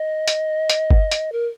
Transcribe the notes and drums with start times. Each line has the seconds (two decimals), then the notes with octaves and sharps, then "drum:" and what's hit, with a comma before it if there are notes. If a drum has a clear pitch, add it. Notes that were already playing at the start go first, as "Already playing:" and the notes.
Already playing: D#5
0.28 drum: hi-hat
0.70 drum: hi-hat
0.91 drum: kick G1
1.11 drum: hi-hat
1.32 A#4